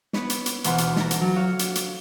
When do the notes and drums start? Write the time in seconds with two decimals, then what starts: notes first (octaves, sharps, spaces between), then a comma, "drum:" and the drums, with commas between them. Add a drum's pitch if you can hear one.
0.13 B3 B4 C#5, drum: snare
0.30 drum: hi-hat
0.46 drum: hi-hat
0.64 D2 B2 E3 F#5 C6 F6, drum: hi-hat
0.78 drum: hi-hat
0.96 A4 A#5, drum: snare
1.11 drum: hi-hat
1.21 F#3
1.36 F#4 C#5 F5
1.59 drum: hi-hat
1.75 drum: hi-hat